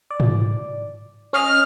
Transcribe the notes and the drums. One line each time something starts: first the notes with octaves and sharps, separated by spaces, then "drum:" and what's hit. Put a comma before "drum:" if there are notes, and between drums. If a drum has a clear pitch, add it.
D5
drum: tom G#2
C#4 D#5 F6